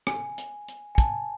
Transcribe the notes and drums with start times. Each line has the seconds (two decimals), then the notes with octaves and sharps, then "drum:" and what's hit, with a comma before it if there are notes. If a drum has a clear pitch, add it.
0.07 G#5, drum: rim click
0.38 drum: hi-hat
0.68 drum: hi-hat
0.95 G#5
0.98 A5, drum: kick, hi-hat